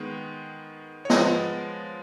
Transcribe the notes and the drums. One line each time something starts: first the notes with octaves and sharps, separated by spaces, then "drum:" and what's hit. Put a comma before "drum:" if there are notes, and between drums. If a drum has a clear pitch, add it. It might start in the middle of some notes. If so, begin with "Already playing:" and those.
Already playing: D#3 G#3 B3
C#5
F3 G#3 B3 D#5, drum: snare